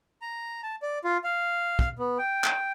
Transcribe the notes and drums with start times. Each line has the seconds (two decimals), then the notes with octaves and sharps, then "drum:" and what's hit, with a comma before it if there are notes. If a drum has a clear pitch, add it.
0.22 A#5
0.63 A5
0.82 D5
1.04 F4
1.24 F5
1.79 drum: kick
1.99 B3
2.18 G5
2.44 drum: clap